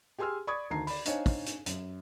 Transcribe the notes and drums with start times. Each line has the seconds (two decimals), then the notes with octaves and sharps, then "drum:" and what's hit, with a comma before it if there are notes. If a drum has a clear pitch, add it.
0.19 G4 G#4 G#5 C6 E6 F6
0.47 D5 B5 C#6 D#6 G#6
0.70 D2 D#3 A5 A#5 C7
0.87 D5 B5, drum: open hi-hat
1.05 D4 D#4 C5 C#5 F5 G#5, drum: hi-hat
1.26 drum: kick, open hi-hat
1.46 drum: hi-hat
1.66 F#2, drum: hi-hat